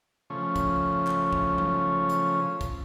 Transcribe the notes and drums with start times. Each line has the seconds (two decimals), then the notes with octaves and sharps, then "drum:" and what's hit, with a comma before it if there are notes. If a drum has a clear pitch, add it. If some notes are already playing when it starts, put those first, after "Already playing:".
0.30 C#3 F3 A3 C#4
0.56 drum: kick, hi-hat
1.07 drum: clap
1.33 drum: kick
1.58 drum: tom F#3
2.09 drum: hi-hat
2.61 drum: kick, hi-hat